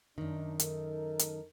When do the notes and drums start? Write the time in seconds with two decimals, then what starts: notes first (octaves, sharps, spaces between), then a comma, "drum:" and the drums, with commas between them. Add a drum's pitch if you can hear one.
0.18 F#2 D#3 D4 D#4
0.59 D#4 A4 A#4, drum: hi-hat
1.19 drum: hi-hat